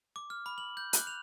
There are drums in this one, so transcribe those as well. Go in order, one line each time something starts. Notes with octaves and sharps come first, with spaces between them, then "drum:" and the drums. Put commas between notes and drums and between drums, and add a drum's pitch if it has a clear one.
D6
F6
B5
F#7
G6
F#6, drum: hi-hat
F7